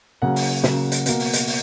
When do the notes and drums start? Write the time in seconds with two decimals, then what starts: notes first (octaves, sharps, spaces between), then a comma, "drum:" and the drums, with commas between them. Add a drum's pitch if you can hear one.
0.22 C#3 F#3 A#3 F#5
0.36 drum: open hi-hat
0.64 C#3 F#3 A#3, drum: snare
0.92 drum: hi-hat
1.06 B2 A#3, drum: hi-hat
1.19 drum: open hi-hat
1.33 drum: hi-hat
1.47 drum: open hi-hat